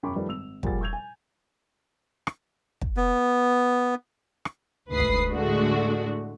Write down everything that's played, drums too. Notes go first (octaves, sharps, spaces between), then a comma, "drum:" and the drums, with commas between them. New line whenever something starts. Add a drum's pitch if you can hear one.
E1 F#2 G5 B5 C#6 D6
D#3 F3 G3 A3 B4 D5
G#1 E6 F7
A#2 F3 G3 G#4 F#5 A6, drum: kick
C#6 E6 G6 G#6 F7
G#5
drum: rim click
drum: kick
B3
drum: rim click
D2 G#2 B4 D#6 C7
drum: kick
A2 D3 G#3 A3 D4 F#4